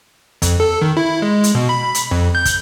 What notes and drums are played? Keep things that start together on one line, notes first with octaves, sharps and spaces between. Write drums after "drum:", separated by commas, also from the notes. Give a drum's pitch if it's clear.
F2, drum: kick, hi-hat
A4
D#3
E4
G#3
drum: hi-hat
B2
B5
drum: hi-hat
F2
G6
drum: kick, hi-hat